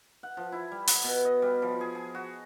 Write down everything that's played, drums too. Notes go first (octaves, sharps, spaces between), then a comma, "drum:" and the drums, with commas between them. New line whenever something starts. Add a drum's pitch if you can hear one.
F#5
F3
E4
G3
F#5, drum: open hi-hat
B2
D#5
G3
F3
G#4
G#4
F#4